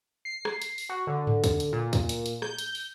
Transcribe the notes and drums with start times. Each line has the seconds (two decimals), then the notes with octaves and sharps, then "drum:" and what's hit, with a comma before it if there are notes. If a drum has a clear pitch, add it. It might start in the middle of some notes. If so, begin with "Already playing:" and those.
0.25 C7
0.45 drum: rim click
0.62 drum: hi-hat
0.78 drum: open hi-hat
0.89 F#4
1.07 D3
1.27 drum: tom G#2
1.44 drum: kick, hi-hat
1.60 drum: hi-hat
1.72 A#2
1.93 drum: kick, hi-hat
2.09 drum: hi-hat
2.26 drum: hi-hat
2.42 G6, drum: rim click
2.58 drum: hi-hat
2.75 drum: open hi-hat